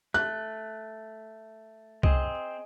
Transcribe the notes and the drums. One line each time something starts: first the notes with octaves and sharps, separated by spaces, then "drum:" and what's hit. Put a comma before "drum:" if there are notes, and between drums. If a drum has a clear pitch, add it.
A3 F#6
C4 G#4 D#5, drum: kick C2